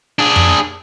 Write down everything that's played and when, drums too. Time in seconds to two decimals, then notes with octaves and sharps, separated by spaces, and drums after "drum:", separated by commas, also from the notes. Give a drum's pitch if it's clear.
0.19 D4 G#4
0.36 drum: tom F2